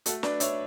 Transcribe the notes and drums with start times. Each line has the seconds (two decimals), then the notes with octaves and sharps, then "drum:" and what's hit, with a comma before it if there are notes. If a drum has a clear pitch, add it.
0.06 A3 F#4 A4, drum: hi-hat
0.23 D4 B4 D5, drum: snare
0.40 D4 C#5 E5, drum: hi-hat